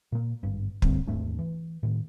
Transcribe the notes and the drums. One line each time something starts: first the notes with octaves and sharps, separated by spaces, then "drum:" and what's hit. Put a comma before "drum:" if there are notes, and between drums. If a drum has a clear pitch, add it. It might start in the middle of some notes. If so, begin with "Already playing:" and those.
A#2 A#3
G#1 G2
D3 G3 A#3 C4, drum: kick
D#2 G#2 A3 D4
E3
A2 D#3